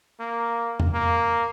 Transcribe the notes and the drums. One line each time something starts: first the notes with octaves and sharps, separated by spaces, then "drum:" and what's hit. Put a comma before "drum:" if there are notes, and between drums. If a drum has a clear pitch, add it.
A#3
drum: tom E2
A#3